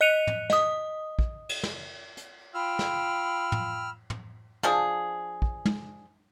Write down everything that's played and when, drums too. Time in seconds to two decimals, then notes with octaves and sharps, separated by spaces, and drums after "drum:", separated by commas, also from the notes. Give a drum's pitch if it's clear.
0.01 D#5 F#6 C#7 D#7 F7
0.27 drum: tom
0.50 D#5 D#6, drum: snare
1.19 drum: kick
1.49 drum: cymbal
1.63 drum: snare
2.17 drum: hi-hat
2.54 F4 G5 B5 E6 F6
2.79 drum: snare
3.52 drum: tom
4.10 drum: tom
4.63 F3 D4 G#4, drum: snare
5.42 drum: kick
5.66 drum: tom